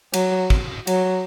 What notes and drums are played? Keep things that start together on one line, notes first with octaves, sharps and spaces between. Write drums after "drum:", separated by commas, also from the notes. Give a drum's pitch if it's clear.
F#3, drum: cymbal
drum: kick
F#3, drum: cymbal